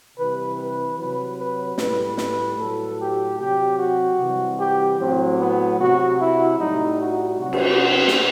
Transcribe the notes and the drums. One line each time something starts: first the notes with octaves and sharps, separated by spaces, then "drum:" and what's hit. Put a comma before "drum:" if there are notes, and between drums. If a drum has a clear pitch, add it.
C3 E3 G3 B4
B4
C3 F#3 B4
B4
A2 G3 B4, drum: snare
B4, drum: snare
A2 F#3 A4
G4
C3 F#3 G4
F#4
C3 E3 G3
G4
A2 F#3 C4
B3
C3 F#3 F#4
E4
A2 G3 D#4
F#4
C3 F#3 F#4
drum: cymbal
drum: snare